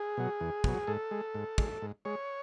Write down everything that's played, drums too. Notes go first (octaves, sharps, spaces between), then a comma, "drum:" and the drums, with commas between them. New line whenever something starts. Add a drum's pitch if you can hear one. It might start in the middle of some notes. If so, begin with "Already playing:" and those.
Already playing: G#4
B2 F#3
E2
B2 F#3, drum: kick
G#2 A4
G#3
G#2
G#3, drum: kick
G#2
G#3 C#5